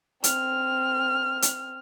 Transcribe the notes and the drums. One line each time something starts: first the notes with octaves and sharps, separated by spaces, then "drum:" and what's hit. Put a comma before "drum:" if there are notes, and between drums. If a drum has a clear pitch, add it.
C4 F6, drum: hi-hat
drum: hi-hat